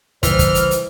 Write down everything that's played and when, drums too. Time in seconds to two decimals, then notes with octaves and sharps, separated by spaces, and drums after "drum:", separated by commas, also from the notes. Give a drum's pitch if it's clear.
0.23 C2 C#3 E3 G3 C5 F6, drum: kick, hi-hat
0.39 drum: kick, hi-hat
0.55 drum: hi-hat
0.71 drum: hi-hat